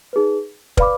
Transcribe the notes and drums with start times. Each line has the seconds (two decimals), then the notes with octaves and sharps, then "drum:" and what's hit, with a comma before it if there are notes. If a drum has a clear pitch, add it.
0.13 D#4 G#4 B4
0.77 B4 D5 F5 B5 D6, drum: kick